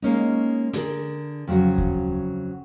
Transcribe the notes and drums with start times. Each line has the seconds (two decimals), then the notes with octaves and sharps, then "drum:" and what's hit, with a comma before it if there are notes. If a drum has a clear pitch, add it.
0.02 G#3 A#3 C#4 D#4
0.73 D3 G#4 A#4, drum: hi-hat
1.47 F2 C#3 F#3 F#4
1.78 drum: kick D#2